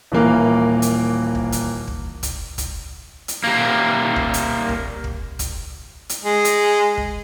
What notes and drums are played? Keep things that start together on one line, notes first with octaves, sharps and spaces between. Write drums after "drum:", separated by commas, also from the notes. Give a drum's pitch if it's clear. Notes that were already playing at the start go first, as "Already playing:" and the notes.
D#1 E3 A#3 F5
drum: hi-hat
drum: kick
drum: hi-hat
drum: kick
drum: kick, hi-hat
drum: kick, hi-hat
drum: hi-hat
G3 A#3
drum: kick
drum: hi-hat
drum: kick
drum: kick
drum: kick, hi-hat
drum: hi-hat
G#3
drum: hi-hat
drum: kick